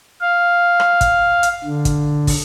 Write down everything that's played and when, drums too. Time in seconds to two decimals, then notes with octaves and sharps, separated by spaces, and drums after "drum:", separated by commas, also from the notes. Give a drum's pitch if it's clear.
0.21 F5
0.80 drum: rim click
1.01 drum: kick, hi-hat
1.43 drum: hi-hat
1.64 D3
1.85 drum: kick, hi-hat
2.27 drum: kick, open hi-hat